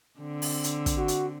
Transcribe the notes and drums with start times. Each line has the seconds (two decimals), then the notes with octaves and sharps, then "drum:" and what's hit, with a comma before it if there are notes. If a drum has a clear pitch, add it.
0.20 D3 C4
0.42 drum: open hi-hat
0.64 drum: hi-hat
0.86 drum: kick, hi-hat
0.97 F#4
1.08 drum: hi-hat